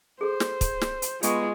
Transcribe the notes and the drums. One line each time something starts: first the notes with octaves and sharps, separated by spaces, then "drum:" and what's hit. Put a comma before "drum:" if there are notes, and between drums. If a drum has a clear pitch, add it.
G#4 A4 C5
drum: snare
drum: kick, hi-hat
drum: snare
drum: hi-hat
G#3 B3 F4 B4 C#6, drum: hi-hat